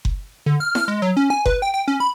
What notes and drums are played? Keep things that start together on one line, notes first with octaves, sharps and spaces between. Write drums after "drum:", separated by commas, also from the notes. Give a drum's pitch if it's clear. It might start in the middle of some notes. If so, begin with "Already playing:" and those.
drum: kick F#1
D3
F6
F6, drum: snare E4
G#3
F#3
C#4
G#5
B4, drum: kick F#1
G5
G5
C#4
B5